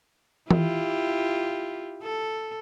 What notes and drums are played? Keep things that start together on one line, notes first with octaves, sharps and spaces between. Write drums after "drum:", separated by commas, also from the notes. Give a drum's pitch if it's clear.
E4 F4 G4, drum: tom E3
A4